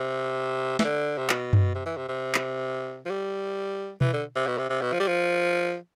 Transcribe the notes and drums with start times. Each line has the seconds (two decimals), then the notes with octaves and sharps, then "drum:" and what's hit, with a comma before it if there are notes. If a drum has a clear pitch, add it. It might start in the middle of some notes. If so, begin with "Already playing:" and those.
Already playing: C3
0.79 E3, drum: snare
0.84 D3
1.18 C3
1.30 B2, drum: clap
1.53 drum: tom F#2
1.75 C3
1.86 E3
1.97 C3
2.09 C3
2.35 drum: clap
3.06 F3
3.10 G3
4.01 E3, drum: tom B2
4.13 D3
4.36 C3
4.47 B2
4.58 C3
4.70 C3
4.82 B2
4.92 F3
5.00 G3
5.08 F3